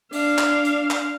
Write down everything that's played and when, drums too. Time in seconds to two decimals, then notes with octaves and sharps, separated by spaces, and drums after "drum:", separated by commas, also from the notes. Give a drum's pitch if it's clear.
0.12 D4 F5, drum: open hi-hat
0.38 drum: clap
0.64 drum: hi-hat
0.91 drum: clap